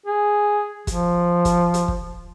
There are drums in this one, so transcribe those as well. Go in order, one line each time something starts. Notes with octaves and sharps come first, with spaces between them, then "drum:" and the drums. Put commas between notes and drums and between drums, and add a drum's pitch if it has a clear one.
G#4
F3, drum: kick, hi-hat
drum: kick, hi-hat
drum: hi-hat
drum: kick